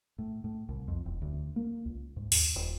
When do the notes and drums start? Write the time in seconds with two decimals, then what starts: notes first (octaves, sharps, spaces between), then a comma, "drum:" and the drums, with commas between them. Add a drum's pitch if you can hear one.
0.18 A2
0.44 A2
0.69 C2
0.88 F2
1.05 E1
1.22 D2
1.56 A#3
1.85 C#2
2.16 G#2
2.32 D#2, drum: open hi-hat
2.55 D#1